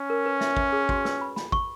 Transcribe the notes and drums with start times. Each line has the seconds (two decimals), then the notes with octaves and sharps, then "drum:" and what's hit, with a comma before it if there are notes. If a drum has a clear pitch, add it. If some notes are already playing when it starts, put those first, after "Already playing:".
Already playing: C#4
0.10 A#4
0.26 B4
0.41 E5, drum: snare
0.57 E5, drum: kick
0.72 G#4
0.89 F#4, drum: kick
1.05 B4, drum: snare
1.21 B5
1.36 B5, drum: snare
1.52 C#6, drum: kick